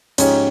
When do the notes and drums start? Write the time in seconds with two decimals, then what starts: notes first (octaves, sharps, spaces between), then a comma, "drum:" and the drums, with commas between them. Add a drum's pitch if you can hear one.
0.18 G#2 F3 G#3 C#4 D#4 G4, drum: hi-hat